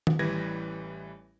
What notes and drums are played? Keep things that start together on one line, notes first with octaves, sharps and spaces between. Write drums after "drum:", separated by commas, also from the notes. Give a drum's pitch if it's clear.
drum: tom D#3
A1 E3 G3 B4 G#6 A#6